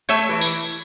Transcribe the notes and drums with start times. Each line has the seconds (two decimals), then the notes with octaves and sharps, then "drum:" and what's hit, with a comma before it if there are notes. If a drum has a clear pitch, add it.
0.09 A3 C#5 E5
0.29 E3
0.41 drum: tambourine